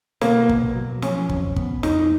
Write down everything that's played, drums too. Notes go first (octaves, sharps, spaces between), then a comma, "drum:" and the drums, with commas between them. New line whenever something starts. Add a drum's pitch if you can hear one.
B2 A#3, drum: snare
B2, drum: kick
F#3
F3 C#4, drum: snare
F2, drum: kick
B3, drum: kick
F2 D#4, drum: snare